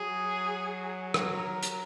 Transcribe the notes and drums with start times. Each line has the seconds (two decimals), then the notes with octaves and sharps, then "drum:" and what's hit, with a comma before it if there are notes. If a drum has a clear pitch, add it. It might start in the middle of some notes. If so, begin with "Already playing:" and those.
Already playing: F#3 G#4
1.14 drum: rim click
1.33 A#4
1.63 drum: hi-hat